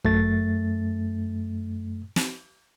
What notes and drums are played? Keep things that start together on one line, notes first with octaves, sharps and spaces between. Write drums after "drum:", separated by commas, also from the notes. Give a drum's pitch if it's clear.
F#2 A3 A6, drum: kick
drum: snare